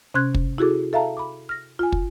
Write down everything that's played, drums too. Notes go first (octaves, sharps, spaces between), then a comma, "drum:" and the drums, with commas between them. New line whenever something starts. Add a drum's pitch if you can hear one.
C3 C#4 C6 F#6 G#6
drum: kick
E4 F#4 G#4 A4 D6
A4 E5 F5 A5 A#5
B5 D6
F6 A#6
F4 G#5
drum: kick